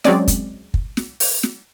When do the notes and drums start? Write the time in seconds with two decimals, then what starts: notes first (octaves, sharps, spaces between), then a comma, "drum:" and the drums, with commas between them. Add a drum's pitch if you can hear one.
0.04 F#3 G#3 C4 C#4 D5 D#5, drum: snare
0.28 drum: kick, hi-hat
0.74 drum: kick
0.97 drum: snare
1.20 drum: open hi-hat
1.43 drum: snare